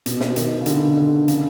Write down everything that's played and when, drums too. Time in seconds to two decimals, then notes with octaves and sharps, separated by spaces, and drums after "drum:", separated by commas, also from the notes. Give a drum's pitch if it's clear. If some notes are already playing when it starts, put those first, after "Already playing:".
0.06 B2, drum: hi-hat
0.20 drum: snare
0.36 D#3, drum: hi-hat
0.61 C#3
0.66 D3, drum: hi-hat
0.97 D3
1.28 C#3, drum: hi-hat